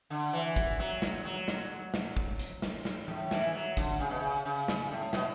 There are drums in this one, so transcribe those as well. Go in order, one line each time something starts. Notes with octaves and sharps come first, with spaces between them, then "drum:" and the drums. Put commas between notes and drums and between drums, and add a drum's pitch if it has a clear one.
D3
E3
drum: kick, hi-hat
F#3
drum: snare
F#3
drum: snare
drum: snare
drum: kick
drum: hi-hat
drum: snare
drum: snare
A2, drum: tom E3
E3, drum: snare
F#3
D3, drum: kick, hi-hat
C#3
B2
C#3
C#3
drum: snare
A2
B2, drum: snare